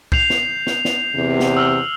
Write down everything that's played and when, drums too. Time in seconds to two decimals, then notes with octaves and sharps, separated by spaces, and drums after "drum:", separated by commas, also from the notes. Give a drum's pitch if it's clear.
0.12 G6 C7 F7, drum: kick
0.30 drum: snare
0.67 drum: snare
0.85 drum: snare
1.15 E2 C3
1.40 drum: snare
1.57 E6 F6